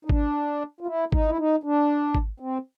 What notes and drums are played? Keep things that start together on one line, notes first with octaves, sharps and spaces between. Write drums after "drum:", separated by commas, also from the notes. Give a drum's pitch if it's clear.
D#4
D4, drum: kick G#1
F4
E4
D#4, drum: kick G#1
E4
D#4
D4
drum: kick G#1
C4